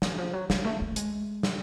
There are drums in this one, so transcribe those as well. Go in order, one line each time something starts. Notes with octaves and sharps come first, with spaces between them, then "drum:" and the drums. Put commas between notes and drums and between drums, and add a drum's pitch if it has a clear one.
E3, drum: snare
F3
F#3
G3, drum: snare
A3
A3
A3
G#3, drum: hi-hat
G3, drum: snare